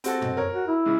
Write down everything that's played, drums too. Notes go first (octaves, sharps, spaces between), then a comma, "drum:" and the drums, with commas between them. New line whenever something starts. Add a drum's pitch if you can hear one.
C4 F#4 A4, drum: hi-hat
B2, drum: tom
A#4 C#5
F#4
E4
C#3 E3 G#3